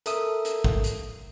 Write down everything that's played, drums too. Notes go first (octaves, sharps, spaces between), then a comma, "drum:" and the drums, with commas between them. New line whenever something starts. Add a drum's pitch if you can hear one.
A4 A#4 E5 D#6, drum: hi-hat
drum: hi-hat
drum: kick
drum: hi-hat